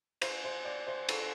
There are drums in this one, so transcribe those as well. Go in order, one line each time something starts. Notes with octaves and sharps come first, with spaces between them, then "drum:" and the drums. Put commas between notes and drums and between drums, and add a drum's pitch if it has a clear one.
C5, drum: cymbal
C5
D5
C5
A4, drum: cymbal